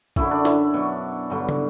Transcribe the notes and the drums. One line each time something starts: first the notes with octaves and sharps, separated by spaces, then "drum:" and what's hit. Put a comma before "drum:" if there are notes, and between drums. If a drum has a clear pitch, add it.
F#2 D3 F#3 E4, drum: kick
D4
E4, drum: snare
B2 F#3
G2 D3 F#3
drum: tom